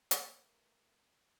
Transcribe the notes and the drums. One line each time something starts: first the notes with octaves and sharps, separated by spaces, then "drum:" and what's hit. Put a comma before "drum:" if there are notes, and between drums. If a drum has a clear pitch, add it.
F3 A3 C#4 G#4 A#4 B4, drum: hi-hat